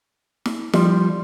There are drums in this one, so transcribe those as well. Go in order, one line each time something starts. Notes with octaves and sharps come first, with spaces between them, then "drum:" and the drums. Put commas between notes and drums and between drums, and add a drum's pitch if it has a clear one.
drum: snare
F3 G3, drum: snare